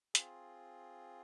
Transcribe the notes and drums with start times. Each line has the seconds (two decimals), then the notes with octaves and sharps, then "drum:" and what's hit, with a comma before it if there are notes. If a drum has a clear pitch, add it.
0.15 C4 F4 G#4, drum: hi-hat